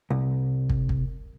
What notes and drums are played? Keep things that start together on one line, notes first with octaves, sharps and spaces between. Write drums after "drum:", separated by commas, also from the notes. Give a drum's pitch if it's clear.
C2
drum: kick
drum: kick